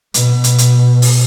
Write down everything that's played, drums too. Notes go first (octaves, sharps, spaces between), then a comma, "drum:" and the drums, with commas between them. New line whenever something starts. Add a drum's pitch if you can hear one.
B2, drum: hi-hat
drum: hi-hat
drum: hi-hat
drum: open hi-hat